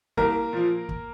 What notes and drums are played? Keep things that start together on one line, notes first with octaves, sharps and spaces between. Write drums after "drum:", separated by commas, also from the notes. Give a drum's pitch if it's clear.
C2 A#3 A#4, drum: kick
A#2 F3
drum: kick